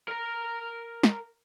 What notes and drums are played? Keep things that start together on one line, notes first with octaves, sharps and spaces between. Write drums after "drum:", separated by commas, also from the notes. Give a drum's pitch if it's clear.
A#4 A#5
drum: snare